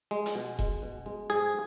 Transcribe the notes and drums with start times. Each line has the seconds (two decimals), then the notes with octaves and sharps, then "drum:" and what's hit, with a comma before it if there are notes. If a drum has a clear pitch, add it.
0.11 G#3
0.26 drum: hi-hat
0.35 B2
0.59 G#3, drum: kick E1
0.82 B2
1.06 G#3
1.30 G#2 G#4